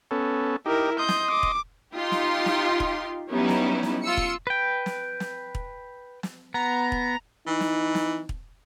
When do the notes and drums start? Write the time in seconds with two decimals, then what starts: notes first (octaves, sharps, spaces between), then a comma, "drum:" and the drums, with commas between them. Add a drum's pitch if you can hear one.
0.11 B3 C#4 A4
0.66 D#4 E4 G4 A#4
0.99 D#5 C6 D#6 G6
1.09 drum: snare
1.30 D6
1.43 drum: kick
1.94 D#4 F4 G4 C6
2.11 drum: snare
2.46 drum: snare
2.80 drum: kick
3.31 F#3 G3 B3 C#4 D#4 E4
3.49 drum: snare
3.83 drum: snare
4.03 F4 E6 C#7
4.17 drum: kick
4.47 B4 G5
4.86 drum: snare
5.20 drum: snare
5.55 drum: kick
6.23 drum: snare
6.54 B3 A#5
6.92 drum: kick
7.47 E3 D#4
7.60 drum: snare
7.95 drum: snare
8.29 drum: kick